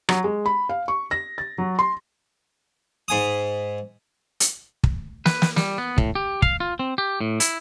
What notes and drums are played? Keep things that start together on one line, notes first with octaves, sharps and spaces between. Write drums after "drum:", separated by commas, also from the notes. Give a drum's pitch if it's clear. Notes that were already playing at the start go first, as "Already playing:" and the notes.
F#3, drum: rim click
G#3
B5
F5
C#6
A#6
A6
F#3
C6
G#2 G#5 D#6
drum: hi-hat
drum: kick
B4, drum: snare
drum: snare
G3, drum: snare
B3
A2, drum: kick
G4
F5, drum: kick
F4
C4
G4
A2
E4, drum: hi-hat